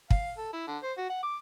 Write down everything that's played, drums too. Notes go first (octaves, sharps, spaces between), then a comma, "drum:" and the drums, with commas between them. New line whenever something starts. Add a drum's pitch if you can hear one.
F5, drum: kick
A4
E4
D3
C5
F#4
F#5
D6